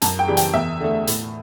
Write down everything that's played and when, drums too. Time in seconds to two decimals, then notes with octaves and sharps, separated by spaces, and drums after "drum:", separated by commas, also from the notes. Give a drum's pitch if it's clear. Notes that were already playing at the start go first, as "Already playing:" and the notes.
0.02 F#2 A5, drum: hi-hat
0.19 G5
0.28 C#3 E3 G3
0.37 G5, drum: hi-hat
0.54 E2 E5
0.80 D3 A3
1.07 A2, drum: hi-hat